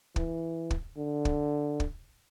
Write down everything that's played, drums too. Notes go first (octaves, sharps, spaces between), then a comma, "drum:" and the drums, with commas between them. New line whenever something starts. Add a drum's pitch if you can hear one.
E3, drum: kick
drum: kick
D3
drum: kick
drum: kick